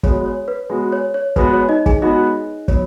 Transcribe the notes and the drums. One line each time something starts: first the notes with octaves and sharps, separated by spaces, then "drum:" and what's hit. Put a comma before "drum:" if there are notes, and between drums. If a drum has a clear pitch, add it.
G#3 B3 F#4 C#5, drum: kick
C#5
B4
G#3 B3 F#4
C#5
C#5
G#3 B3 F#4 B4, drum: kick
C#5
D#4 D#5
G#4 G#5, drum: kick
G#3 B3 D#4 F#4 D#5
F#3 B3 C#5, drum: kick